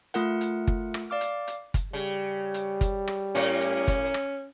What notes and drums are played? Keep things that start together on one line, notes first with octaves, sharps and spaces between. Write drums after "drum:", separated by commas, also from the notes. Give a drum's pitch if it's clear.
A3 F4 A#4 F#5, drum: hi-hat
drum: hi-hat
drum: kick
drum: rim click
D5 F5 D6 F6
drum: hi-hat
drum: hi-hat
drum: kick, hi-hat
C#3 G3
drum: hi-hat
drum: kick, hi-hat
drum: rim click
A2 A#3 C#4, drum: hi-hat
drum: hi-hat
drum: kick, hi-hat
drum: rim click